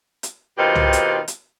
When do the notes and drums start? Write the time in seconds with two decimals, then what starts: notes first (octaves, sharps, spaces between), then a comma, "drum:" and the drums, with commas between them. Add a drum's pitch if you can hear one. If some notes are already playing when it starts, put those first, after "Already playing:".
0.23 drum: hi-hat
0.58 B2 D#3 C4 D#4 F4 G4
0.75 drum: tom
0.93 drum: hi-hat
1.28 drum: hi-hat